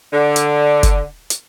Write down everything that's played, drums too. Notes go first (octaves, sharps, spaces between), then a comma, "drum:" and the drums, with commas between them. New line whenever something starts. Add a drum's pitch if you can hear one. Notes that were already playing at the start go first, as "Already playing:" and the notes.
D3
drum: hi-hat
drum: kick F#1, hi-hat
drum: hi-hat